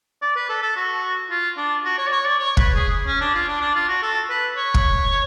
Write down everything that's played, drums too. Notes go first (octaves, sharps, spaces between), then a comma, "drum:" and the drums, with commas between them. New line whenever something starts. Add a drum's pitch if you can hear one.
D5
B4
A4
A4
F#4
F4
D4
F#4
C#5
D5
C#5
D5
C#5
B4, drum: kick
G#4
C#4
D4
F4
D4
D4
F4
F#4
A4
B4
C#5
drum: kick